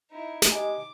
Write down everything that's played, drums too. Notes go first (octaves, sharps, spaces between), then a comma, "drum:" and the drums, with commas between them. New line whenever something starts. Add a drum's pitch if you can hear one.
D#4 E4
drum: snare
G4 D#5 G#5 D6